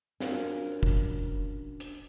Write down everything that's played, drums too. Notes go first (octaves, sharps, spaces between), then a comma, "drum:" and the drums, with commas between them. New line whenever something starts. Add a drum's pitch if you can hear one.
C#4 D4 F4 F#4 A#4, drum: snare
drum: kick
drum: hi-hat